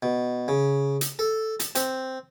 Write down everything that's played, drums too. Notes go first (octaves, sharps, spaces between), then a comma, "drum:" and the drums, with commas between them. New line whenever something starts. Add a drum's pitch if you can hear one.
B2
C#3
drum: hi-hat
A4
A5, drum: hi-hat
C4, drum: hi-hat